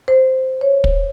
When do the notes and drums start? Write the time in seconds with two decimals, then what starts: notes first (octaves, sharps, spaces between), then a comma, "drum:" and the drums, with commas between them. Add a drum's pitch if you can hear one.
0.08 C5
0.61 C#5
0.84 drum: kick